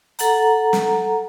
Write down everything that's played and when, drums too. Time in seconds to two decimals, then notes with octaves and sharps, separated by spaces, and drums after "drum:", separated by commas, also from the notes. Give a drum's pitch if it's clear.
0.19 A4 F#5 A#5, drum: hi-hat
0.73 drum: snare